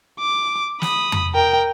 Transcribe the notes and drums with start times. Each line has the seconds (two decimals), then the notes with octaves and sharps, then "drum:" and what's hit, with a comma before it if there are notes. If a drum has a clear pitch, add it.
0.19 D6
0.82 B5 D#6, drum: snare
1.12 drum: tom F2
1.34 A#4 G5